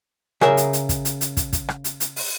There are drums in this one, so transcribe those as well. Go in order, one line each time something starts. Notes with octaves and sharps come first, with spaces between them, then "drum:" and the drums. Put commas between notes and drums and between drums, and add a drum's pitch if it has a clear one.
C#3 G#4 A#4 E5, drum: rim click
drum: hi-hat
drum: hi-hat
drum: kick, hi-hat
drum: hi-hat
drum: hi-hat
drum: kick, hi-hat
drum: kick, hi-hat
drum: rim click
drum: hi-hat
drum: hi-hat
drum: open hi-hat